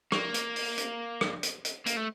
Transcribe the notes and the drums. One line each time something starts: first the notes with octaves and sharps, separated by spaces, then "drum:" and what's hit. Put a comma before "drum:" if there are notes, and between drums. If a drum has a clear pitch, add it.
A#3, drum: rim click
drum: hi-hat
drum: open hi-hat
drum: hi-hat
drum: rim click
drum: hi-hat
drum: hi-hat
A#3, drum: hi-hat
A3